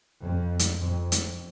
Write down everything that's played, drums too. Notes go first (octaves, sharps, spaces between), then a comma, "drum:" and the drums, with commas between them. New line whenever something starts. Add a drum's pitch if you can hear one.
F2
drum: hi-hat
F2
drum: hi-hat